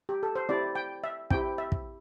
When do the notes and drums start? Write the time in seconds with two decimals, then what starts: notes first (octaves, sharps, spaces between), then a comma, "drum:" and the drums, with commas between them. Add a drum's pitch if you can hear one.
0.09 G4
0.23 A4
0.36 C5
0.49 C4 E4 G4 D5
0.75 G5
1.04 E5
1.30 C4 E4 G4 G5, drum: kick
1.58 E5
1.72 drum: kick